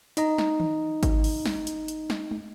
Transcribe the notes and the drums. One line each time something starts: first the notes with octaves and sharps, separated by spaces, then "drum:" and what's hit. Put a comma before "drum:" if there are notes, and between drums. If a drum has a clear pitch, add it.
D#4 D#5 A#5, drum: hi-hat
drum: snare
drum: tom D#3
drum: kick G#1, hi-hat
drum: open hi-hat
drum: snare
drum: hi-hat
drum: hi-hat
drum: snare
drum: tom G#3